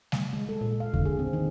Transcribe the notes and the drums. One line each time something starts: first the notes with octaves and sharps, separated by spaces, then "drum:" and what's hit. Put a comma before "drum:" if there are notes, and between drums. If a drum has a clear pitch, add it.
drum: snare G3
G#3
A4
A#2
F5
D3, drum: kick E2
G#4
C4
D#3